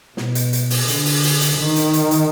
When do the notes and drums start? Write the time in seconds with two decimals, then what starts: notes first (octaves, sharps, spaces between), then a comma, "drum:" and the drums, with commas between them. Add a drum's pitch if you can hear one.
0.17 B2, drum: snare
0.35 drum: hi-hat
0.53 drum: hi-hat
0.70 drum: open hi-hat
0.88 D3, drum: hi-hat
1.06 drum: open hi-hat
1.23 drum: open hi-hat
1.41 drum: hi-hat
1.58 D#3
1.76 drum: hi-hat
1.93 drum: hi-hat
2.11 drum: hi-hat